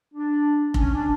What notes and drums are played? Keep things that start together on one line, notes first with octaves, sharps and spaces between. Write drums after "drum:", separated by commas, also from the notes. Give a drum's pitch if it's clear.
D4
C#4, drum: kick F1
D4